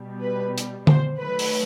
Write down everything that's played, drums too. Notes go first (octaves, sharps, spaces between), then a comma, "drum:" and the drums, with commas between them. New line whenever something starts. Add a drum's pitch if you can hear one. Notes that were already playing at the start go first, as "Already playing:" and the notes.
Already playing: B2 G3
B4
drum: hi-hat
C5, drum: tom D3
D#3 F#3 A3 B4
drum: open hi-hat